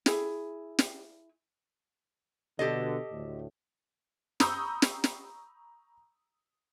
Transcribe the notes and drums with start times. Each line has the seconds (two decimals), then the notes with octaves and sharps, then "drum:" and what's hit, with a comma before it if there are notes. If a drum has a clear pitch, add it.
0.06 E4 G#4, drum: snare
0.79 drum: snare
2.59 B2 D3 G4 A4 D#5
3.11 D2 A2
4.40 A#5 B5 C#6 D#6 E6 G6, drum: snare
4.82 drum: snare
5.04 drum: snare